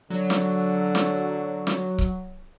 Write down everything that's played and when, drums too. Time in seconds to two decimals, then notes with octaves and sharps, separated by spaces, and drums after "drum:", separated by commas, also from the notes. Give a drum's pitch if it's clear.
0.10 D3 F#3
0.30 drum: snare
0.95 drum: snare
1.67 drum: snare
1.98 drum: kick C#1